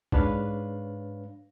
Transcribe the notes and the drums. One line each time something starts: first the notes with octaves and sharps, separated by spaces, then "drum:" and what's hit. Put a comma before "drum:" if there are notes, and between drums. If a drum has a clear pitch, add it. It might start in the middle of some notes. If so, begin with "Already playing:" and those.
G#2 D4 B4 C#5 F5, drum: kick